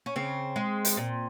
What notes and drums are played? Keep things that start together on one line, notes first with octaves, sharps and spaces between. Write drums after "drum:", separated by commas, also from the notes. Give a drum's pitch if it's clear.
C#4
C#3 C4
G#3
drum: hi-hat
A#2